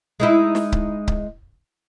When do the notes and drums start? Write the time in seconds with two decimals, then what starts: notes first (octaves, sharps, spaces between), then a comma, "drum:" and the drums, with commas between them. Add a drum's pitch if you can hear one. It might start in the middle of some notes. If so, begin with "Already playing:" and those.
0.20 G#3 D#4 E4
0.55 drum: snare
0.72 drum: kick C#1
1.08 drum: kick C#1